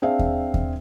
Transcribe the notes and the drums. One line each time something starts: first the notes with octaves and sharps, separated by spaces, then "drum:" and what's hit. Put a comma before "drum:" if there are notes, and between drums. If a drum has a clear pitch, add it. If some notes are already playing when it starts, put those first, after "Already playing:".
C4 D4 G#4 E5 F5
drum: kick D#2
drum: kick D#2